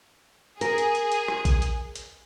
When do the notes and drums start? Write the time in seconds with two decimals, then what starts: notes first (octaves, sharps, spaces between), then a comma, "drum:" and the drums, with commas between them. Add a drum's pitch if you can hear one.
0.61 G#4 A#4, drum: hi-hat
0.78 drum: hi-hat
0.95 drum: hi-hat
1.12 drum: hi-hat
1.28 drum: rim click
1.45 drum: kick A1, hi-hat
1.62 drum: hi-hat
1.96 drum: hi-hat